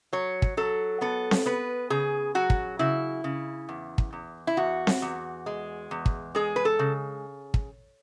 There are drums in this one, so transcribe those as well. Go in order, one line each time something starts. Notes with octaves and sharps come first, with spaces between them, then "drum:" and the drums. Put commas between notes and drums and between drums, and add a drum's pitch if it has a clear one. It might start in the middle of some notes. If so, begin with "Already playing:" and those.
F#3 C#5
drum: kick
F#3 A4
B3 A4
drum: snare C4
B3 B4
C#3 G#4
F#3 F#4
drum: kick
C#3 E4
C#3
E2
drum: kick
E2
E4
E2 F#4
drum: snare C4
E2
G#3
E2
drum: kick
G#3 G#4
B4
A4
C#3
drum: kick